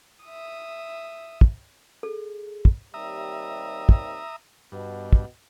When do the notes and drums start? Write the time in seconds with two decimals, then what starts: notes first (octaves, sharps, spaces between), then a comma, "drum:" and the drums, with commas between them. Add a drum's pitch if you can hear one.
0.24 E5 D#6
1.41 drum: kick
2.03 G#4 A4
2.65 drum: kick
2.94 D#2 C3 G3 E5 A#5 D#6
3.89 drum: kick
4.72 G2 B2 B3
5.13 drum: kick